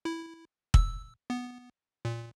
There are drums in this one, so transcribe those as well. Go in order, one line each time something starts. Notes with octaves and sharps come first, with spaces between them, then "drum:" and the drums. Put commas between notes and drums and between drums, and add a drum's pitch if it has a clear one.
E4
E6, drum: kick
B3
A#2